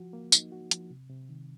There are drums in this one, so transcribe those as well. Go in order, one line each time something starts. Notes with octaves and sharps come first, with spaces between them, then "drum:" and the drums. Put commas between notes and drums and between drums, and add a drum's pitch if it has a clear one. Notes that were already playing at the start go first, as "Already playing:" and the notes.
Already playing: F3 F#4
A#3
D#4, drum: tambourine
F#4
F3, drum: hi-hat
C3
C3
D#3